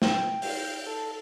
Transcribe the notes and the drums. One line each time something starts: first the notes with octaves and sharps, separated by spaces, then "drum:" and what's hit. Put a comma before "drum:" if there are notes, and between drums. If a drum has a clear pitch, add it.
G5, drum: snare
G5, drum: open hi-hat
A4